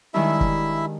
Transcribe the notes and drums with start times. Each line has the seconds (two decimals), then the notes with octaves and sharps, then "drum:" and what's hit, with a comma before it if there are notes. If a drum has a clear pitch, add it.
0.14 G2 D#3 G#3 E4 E5
0.41 drum: kick